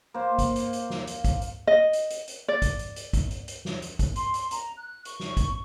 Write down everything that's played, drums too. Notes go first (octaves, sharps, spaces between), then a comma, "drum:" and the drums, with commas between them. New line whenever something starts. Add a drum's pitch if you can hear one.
A#3 C5
drum: kick G#1, hi-hat
drum: hi-hat
drum: hi-hat
drum: snare
drum: hi-hat
drum: kick G#1, hi-hat
drum: hi-hat
D#5
drum: hi-hat
drum: hi-hat
drum: hi-hat
D5
drum: kick G#1, hi-hat
drum: hi-hat
drum: hi-hat
drum: kick G#1, hi-hat
drum: hi-hat
drum: hi-hat
drum: snare
drum: hi-hat
drum: kick G#1, hi-hat
C6, drum: hi-hat
drum: hi-hat
A#5, drum: hi-hat
F#6
C#6, drum: hi-hat
drum: snare
drum: kick G#1, hi-hat